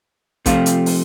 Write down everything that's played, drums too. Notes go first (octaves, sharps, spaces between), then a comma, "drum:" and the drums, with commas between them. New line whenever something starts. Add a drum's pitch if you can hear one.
C3 F3 A3 C4 F4, drum: kick A1, hi-hat
drum: hi-hat
drum: open hi-hat